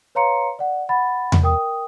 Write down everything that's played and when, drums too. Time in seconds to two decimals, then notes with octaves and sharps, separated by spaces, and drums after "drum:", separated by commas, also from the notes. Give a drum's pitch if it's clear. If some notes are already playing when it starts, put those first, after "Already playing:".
0.15 B4 C#5 F5 A#5 C6 C#7
0.59 D5 F#5
0.89 F#5 B5 A6
1.32 drum: tom E2
1.43 A#4 G5 D#6